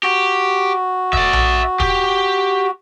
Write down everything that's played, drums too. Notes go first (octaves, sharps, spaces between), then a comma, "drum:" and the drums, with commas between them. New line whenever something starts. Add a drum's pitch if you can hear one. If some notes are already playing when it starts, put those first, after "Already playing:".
F#4 G4
D5 E5, drum: kick
drum: tom A#1
G4, drum: kick